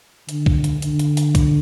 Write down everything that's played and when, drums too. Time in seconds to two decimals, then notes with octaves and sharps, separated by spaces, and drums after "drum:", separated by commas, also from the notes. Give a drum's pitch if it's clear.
0.29 D3, drum: hi-hat
0.46 drum: kick
0.64 drum: hi-hat
0.82 D3, drum: hi-hat
0.99 drum: hi-hat
1.17 drum: hi-hat
1.35 drum: kick, hi-hat